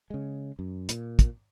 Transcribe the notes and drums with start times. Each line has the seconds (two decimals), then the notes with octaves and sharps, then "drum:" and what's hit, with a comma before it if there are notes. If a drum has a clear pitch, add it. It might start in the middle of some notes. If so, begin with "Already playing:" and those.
0.10 C#3 G#3
0.59 F#2
0.89 A#2, drum: hi-hat
1.19 drum: kick, hi-hat